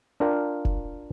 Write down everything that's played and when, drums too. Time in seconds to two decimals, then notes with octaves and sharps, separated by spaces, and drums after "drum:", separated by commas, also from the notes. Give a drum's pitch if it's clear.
0.20 D4 F4 A#4 F5 G5
0.65 drum: kick F1